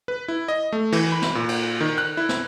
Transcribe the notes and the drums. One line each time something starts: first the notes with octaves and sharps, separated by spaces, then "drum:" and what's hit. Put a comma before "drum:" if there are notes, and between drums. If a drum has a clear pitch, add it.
B4
E4
D#5
A3
E3, drum: cymbal
B5
drum: snare
A#2
drum: cymbal
D#3
F#6
E4
drum: snare